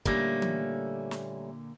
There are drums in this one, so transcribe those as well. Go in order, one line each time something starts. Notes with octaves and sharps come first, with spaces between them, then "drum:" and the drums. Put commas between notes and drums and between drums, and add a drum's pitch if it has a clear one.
A#2 D3 G3 A3 A#3 C#4, drum: kick
drum: tom E3
drum: snare